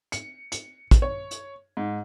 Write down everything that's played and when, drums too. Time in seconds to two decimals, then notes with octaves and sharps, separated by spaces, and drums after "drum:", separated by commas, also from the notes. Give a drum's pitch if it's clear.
0.12 C#7, drum: hi-hat
0.52 C#7, drum: hi-hat
0.91 drum: kick, hi-hat
1.02 C#5
1.31 drum: hi-hat
1.77 G#2